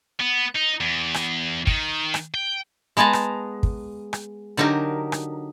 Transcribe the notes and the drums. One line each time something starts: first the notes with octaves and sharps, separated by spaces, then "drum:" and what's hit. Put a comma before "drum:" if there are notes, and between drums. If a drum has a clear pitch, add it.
B3
D#4
E2
drum: rim click
D#3, drum: kick
drum: rim click
G5
G#3 B3 G#4 A5 A#5
drum: rim click
drum: kick
drum: rim click
D3 F#3 D#4 G4 A#4
drum: rim click